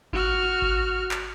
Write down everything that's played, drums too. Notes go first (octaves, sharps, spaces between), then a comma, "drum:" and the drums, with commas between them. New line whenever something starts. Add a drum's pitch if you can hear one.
F#4 F6, drum: kick G#1
drum: kick G#1
drum: clap